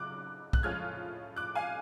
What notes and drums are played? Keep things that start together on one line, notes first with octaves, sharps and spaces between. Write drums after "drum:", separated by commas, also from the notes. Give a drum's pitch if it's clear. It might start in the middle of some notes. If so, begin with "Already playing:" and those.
Already playing: C#3 F#3 F4 D6 F#6
F#6, drum: kick
A2 F3 G#3 C#4 F4 F6 G#6
D6 F#6
F5 G#5